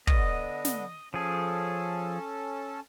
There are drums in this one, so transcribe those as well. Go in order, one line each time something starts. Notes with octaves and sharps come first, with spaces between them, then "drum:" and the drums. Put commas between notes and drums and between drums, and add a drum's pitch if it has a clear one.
D3 B3 D#5, drum: kick
drum: snare
F3 C#4 G#4 A4